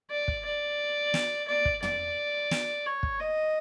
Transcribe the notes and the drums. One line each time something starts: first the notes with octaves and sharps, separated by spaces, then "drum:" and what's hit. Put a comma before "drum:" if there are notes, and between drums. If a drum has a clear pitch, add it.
D5
drum: kick
D5
drum: snare
D5
drum: kick
D5, drum: tom
drum: snare
C#5
drum: kick
D#5